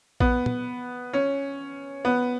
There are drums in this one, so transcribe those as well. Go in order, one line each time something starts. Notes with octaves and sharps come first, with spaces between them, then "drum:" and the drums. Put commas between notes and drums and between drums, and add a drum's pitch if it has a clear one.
B3, drum: kick A#1
drum: tom
C#4
B3